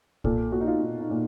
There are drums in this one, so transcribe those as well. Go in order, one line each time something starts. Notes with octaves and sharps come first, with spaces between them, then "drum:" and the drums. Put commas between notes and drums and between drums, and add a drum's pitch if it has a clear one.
A#2 A4, drum: kick
A#2 F#4
D#4
F4
A#2 D#4
D#4
A#2